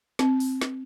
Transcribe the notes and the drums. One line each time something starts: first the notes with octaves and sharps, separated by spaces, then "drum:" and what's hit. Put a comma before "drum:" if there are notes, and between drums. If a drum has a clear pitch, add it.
C4, drum: snare
drum: open hi-hat
drum: snare